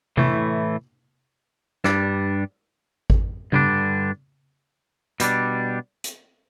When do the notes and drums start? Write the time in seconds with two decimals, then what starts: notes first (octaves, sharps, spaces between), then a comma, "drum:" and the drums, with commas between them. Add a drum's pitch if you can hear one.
0.17 A2 E3 A3, drum: tom C3
1.84 G2 G3 D4, drum: rim click
3.10 drum: kick G#1
3.52 G2 D3 G3 D4, drum: tom C#3
5.20 B2 G3 D4, drum: hi-hat
6.04 drum: hi-hat